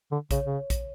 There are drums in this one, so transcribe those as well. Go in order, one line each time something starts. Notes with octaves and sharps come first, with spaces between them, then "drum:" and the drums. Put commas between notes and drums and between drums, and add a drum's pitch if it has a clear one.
D3
C#3 C#5, drum: kick A#1, hi-hat
C#3
drum: kick A#1, hi-hat